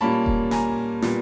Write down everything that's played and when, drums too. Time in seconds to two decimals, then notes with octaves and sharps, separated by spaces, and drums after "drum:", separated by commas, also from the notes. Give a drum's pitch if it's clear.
0.01 A#2 G3 A#3 C#4 A5 B5
0.26 drum: kick E1
0.51 G#5 A#5, drum: snare
1.02 A#2 G3 B3, drum: snare